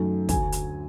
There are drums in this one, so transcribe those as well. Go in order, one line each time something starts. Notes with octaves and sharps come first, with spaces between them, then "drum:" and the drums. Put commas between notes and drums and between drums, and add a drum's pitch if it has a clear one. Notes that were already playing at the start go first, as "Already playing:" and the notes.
Already playing: F#2 D#3 F#3 A3
D2 D3 F#3 G#5, drum: kick, hi-hat
drum: hi-hat